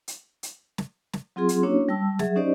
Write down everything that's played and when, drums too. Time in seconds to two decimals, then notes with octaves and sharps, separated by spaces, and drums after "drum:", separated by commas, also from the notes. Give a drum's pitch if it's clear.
0.08 drum: hi-hat
0.43 drum: hi-hat
0.78 drum: snare
1.13 drum: snare
1.36 F#3 C4 F4 G#4 C6
1.49 drum: hi-hat
1.63 A#3 C#4 D4 E4 F#4 C#5
1.89 G3 G5 A5 E6
2.19 F#3 G#4 E5, drum: snare
2.36 C#4 D#4 G4 C5 D5 D#5